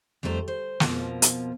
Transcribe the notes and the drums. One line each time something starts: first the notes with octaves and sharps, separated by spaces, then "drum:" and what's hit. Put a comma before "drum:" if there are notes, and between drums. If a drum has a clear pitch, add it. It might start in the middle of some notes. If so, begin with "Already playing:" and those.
F2 G3 A3 C5 A#5
C5
F2 B2 F3 A#3, drum: snare
drum: hi-hat